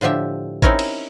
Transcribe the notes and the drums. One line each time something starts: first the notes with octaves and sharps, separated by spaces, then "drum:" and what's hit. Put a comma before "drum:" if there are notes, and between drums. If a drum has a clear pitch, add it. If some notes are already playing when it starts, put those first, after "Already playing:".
A2 D3 F3 G4 E5
C4 C#4 D#4 E4 A#4 C#5, drum: kick G#1
drum: cymbal